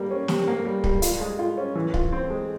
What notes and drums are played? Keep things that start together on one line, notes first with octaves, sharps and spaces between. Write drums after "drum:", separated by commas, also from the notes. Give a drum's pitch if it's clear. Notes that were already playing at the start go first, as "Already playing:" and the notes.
Already playing: G3 A#3
C#4
C3, drum: snare
A#3
G3
G3, drum: kick
F4, drum: hi-hat
G#3
F4
C#4
E3
F4, drum: kick
C4
G#3